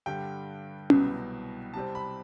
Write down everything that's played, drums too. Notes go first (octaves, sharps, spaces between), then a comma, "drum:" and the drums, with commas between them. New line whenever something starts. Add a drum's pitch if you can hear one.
G2 D3 G3 G5
C2 B2 F#3 B3, drum: tom C#4
C3 G3 C4 A5
B5